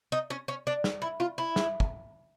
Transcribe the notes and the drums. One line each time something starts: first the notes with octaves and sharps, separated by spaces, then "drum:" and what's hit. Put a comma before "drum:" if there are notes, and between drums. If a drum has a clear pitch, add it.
D#4
C#4
C#4
D4
drum: snare
E4
F4
E4
drum: snare
drum: kick